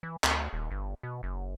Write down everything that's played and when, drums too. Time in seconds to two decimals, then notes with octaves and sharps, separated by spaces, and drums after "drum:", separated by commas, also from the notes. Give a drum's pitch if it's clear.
0.03 E3
0.24 D2, drum: clap
0.53 D#1
0.71 G1
1.03 B2
1.23 F#1